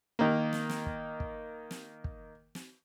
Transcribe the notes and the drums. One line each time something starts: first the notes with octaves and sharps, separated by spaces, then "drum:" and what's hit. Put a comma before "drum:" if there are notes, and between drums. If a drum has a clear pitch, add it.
D#3 A#3
drum: snare
drum: snare
drum: kick
drum: kick
drum: snare
drum: kick
drum: snare